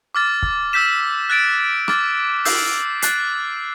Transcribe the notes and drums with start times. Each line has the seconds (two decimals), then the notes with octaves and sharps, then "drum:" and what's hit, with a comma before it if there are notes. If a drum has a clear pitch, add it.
0.15 D6 F6 A6
0.42 drum: kick
0.73 E6 G6 B6 E7
1.30 F#6 A6 D7
1.88 D6 F6 A6, drum: rim click
2.45 E6 G6 C7, drum: open hi-hat
3.02 F#6 A6 C7, drum: hi-hat